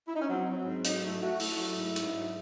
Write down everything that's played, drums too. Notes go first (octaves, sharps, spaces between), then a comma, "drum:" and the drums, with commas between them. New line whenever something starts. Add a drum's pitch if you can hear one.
E4
D#4
C#4
F#3 C4
F#3
G#2
F#3 D#4, drum: hi-hat
A3 E4
A3 F#4
A3 E4, drum: open hi-hat
F#3
G#2
G#2, drum: hi-hat
F#3